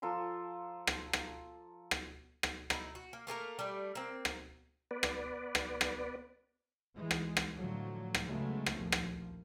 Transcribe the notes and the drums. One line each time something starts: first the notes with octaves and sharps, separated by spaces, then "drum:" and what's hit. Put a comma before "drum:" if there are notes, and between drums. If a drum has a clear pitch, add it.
F3 A4 A#5 C6
drum: rim click
drum: rim click
drum: rim click
drum: rim click
D#4 E4, drum: rim click
F#4
A#3
A3 A#3 G#4 A#4
G3 A3
A#3 C4
drum: rim click
B3 B4 D5
drum: rim click
drum: rim click
drum: rim click
E3 G#3
drum: rim click
drum: rim click
A2 D3 F3 F#3 A3
drum: rim click
C#3 F#3 G#3 A3 B3
drum: rim click
A#1 D#2 F3
drum: rim click